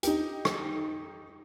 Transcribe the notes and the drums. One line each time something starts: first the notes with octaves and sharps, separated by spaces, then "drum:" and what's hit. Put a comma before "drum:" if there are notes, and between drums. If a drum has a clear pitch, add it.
D#4 G4, drum: hi-hat
drum: rim click